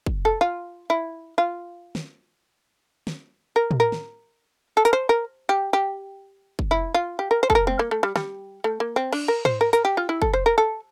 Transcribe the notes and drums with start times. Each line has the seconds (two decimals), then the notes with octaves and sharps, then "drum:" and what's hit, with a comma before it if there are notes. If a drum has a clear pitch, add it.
0.06 drum: kick
0.25 A4
0.41 F4
0.90 E4
1.38 F4
1.95 drum: snare
3.07 drum: snare
3.56 A#4
3.71 drum: tom
3.80 A#4
3.92 drum: snare
4.77 A4
4.85 A#4, drum: hi-hat
4.93 C5
5.09 A#4
5.49 G4
5.73 G4
6.59 drum: kick
6.71 E4
6.94 F4
7.19 G4
7.31 A#4
7.43 C5
7.50 A4, drum: kick
7.55 A#4
7.67 C4, drum: tom
7.79 A#3
7.91 A3
8.03 G3
8.16 G3, drum: snare
8.64 A3
8.80 A#3
8.96 C4
9.13 D4, drum: cymbal
9.28 A#4
9.45 C5, drum: tom
9.61 A#4
9.73 A#4, drum: hi-hat
9.85 G4
9.97 F4
10.09 E4
10.22 A4, drum: kick
10.33 C5
10.46 A#4
10.58 A4